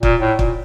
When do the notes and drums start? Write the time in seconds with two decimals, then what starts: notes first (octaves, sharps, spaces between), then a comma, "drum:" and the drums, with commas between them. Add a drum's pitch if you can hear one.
0.03 A#2, drum: kick
0.21 A2
0.39 A#2, drum: kick